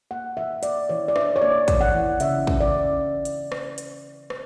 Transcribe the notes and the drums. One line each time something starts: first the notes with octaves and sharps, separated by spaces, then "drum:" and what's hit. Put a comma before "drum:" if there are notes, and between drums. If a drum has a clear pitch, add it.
A#3 F#5
E3 E5
A#3 D5, drum: hi-hat
E3 C#5
D5
D4 E5, drum: rim click
C#5
A#3 D5
E3, drum: kick, hi-hat
F#5
E3
C#3 E5, drum: hi-hat
C#4, drum: kick
D5
drum: hi-hat
drum: rim click
drum: hi-hat
drum: rim click